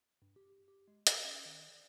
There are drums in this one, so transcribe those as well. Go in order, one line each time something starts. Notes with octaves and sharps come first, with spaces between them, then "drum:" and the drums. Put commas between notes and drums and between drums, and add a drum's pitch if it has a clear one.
G2
G4
G4
G#3
drum: hi-hat
C#4
D#3
D5